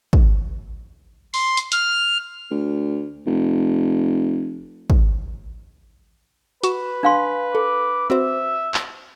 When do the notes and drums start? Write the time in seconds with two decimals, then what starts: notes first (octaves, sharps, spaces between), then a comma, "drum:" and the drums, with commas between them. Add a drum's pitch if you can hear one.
0.13 drum: kick
1.34 C6, drum: open hi-hat
1.57 drum: hi-hat
1.72 F6, drum: hi-hat
2.51 D2
3.26 F1
4.90 drum: kick
6.63 F#4 B4 C#6 E7, drum: hi-hat
7.03 D4 F5 C6
7.55 A4 D6
8.10 C4 F#4 C5 E5
8.74 drum: clap